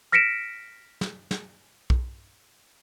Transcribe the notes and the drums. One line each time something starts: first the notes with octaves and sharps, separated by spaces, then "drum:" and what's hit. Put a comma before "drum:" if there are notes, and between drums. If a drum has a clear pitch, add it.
F6 A#6 B6 C#7 D7 E7
drum: snare
drum: snare
drum: kick B1